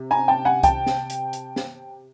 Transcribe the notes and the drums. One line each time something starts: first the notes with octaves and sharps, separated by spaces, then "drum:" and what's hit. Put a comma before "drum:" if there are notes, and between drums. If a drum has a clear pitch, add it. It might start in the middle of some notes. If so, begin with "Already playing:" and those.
Already playing: C3
G#5 A#5
G5 A5
F#5 G#5
G5 A5, drum: kick C2, hi-hat
drum: snare
drum: hi-hat
drum: hi-hat
drum: snare